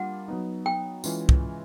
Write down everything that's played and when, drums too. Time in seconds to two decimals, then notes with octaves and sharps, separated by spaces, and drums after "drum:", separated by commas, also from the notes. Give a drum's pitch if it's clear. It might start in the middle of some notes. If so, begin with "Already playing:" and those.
Already playing: G3 A#3 D4 F4 F#5
0.28 F#3 B3 D#4
0.66 G5
1.04 E3 G#3 C#4 F4, drum: tambourine
1.29 drum: kick